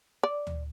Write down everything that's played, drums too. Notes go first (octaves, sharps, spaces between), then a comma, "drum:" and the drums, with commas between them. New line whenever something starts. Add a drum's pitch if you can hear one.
D5
drum: tom D2